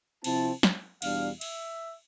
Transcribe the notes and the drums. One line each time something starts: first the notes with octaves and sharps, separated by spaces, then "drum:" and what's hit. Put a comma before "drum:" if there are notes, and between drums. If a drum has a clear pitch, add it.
C3 F3 C4 E4 A5, drum: cymbal
drum: snare
E2 B2 G3 D4 F5, drum: cymbal
E5, drum: cymbal